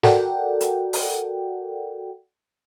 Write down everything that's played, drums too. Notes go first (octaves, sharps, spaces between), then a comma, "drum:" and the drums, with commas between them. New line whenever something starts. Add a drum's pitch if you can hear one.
F#4 A4 A#4 D5 F#5 G5, drum: snare
drum: hi-hat
drum: open hi-hat